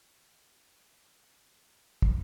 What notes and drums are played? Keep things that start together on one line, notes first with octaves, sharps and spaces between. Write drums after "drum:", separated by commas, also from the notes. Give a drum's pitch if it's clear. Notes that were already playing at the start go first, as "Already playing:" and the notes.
G3 E4
drum: kick